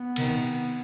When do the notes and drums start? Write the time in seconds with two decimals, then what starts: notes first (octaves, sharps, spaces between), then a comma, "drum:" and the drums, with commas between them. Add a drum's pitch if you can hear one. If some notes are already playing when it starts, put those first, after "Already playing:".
Already playing: B3
0.16 C3 D#3, drum: cymbal